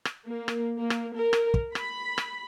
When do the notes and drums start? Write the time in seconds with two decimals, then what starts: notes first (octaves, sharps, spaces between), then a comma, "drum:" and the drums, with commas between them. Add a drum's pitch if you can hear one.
0.05 drum: rim click
0.27 A#3
0.48 drum: rim click
0.77 A#3
0.90 drum: rim click
1.15 A#4
1.33 drum: rim click
1.54 drum: kick
1.75 B5, drum: rim click
2.18 drum: rim click